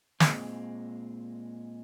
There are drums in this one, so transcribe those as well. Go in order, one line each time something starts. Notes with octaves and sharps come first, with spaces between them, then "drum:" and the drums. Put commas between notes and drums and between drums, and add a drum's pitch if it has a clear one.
A#2 G#3 C4, drum: snare